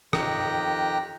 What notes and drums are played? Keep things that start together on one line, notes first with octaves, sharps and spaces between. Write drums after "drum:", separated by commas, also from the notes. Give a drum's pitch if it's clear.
F2 D#3 G4 G5 A#5 F#6, drum: rim click